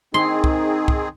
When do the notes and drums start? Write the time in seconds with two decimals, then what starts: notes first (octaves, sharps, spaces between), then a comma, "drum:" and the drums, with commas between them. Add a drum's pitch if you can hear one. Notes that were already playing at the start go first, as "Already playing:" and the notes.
0.14 D#3 C4 D#4 G#4 C6
0.44 drum: kick
0.88 drum: kick